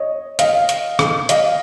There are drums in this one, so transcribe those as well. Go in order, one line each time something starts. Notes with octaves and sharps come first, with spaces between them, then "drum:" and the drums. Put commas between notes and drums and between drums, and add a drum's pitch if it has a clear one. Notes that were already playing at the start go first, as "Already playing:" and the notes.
Already playing: C#5 D#5
D#5 F5, drum: hi-hat
drum: hi-hat
drum: rim click
D#5 F5, drum: hi-hat